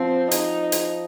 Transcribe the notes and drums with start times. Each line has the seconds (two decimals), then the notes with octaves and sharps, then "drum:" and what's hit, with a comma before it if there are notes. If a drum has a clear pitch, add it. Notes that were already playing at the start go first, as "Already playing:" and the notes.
Already playing: F3 C4
0.31 D#4, drum: hi-hat
0.72 drum: hi-hat